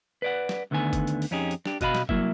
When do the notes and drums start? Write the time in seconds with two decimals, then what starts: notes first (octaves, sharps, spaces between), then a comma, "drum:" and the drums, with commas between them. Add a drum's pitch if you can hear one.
0.22 B4 D5 F#5
0.49 drum: snare
0.71 D2 D3 D#3 B3 G#5
0.93 drum: kick, hi-hat
1.07 drum: hi-hat
1.22 drum: open hi-hat
1.31 F2 C#4 D#4 G4 G#4
1.51 drum: hi-hat
1.66 D4 G4, drum: snare
1.81 B2 F#4 D#5 F5 A#5 B5, drum: kick, hi-hat
1.95 drum: snare
2.09 C2 C3 F#3 A#3 E4 E5, drum: kick